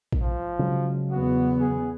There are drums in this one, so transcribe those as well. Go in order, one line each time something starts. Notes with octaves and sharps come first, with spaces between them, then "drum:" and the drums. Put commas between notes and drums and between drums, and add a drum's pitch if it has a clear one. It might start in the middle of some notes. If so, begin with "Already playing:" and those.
drum: kick A#1
F3
C#3 F#3 G#3
E2 B3 F#4
G#4